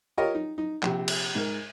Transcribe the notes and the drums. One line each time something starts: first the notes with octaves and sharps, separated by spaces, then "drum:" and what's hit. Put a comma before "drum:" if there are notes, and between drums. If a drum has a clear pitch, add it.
F4 G4 A#4 C#5 D#5
D#4
D#4
A#1 C3, drum: clap
drum: cymbal
G#2 A#4